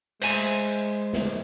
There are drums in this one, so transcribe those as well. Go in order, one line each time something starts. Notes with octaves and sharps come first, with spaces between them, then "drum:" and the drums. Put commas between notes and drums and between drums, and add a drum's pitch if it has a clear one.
G#3 C5 E5 G#5, drum: cymbal
drum: snare